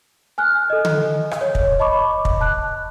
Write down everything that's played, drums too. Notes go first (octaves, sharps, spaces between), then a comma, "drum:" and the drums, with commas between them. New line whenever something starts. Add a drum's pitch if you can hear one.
G#5 F6 F#6
A4 D#5
drum: tom D3
drum: rim click
C#5
drum: kick
D#5 A5 B5 C#6 D6
drum: kick
A5 F#6